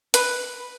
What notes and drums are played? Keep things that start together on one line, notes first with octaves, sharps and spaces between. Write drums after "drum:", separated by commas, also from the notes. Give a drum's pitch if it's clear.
B4, drum: hi-hat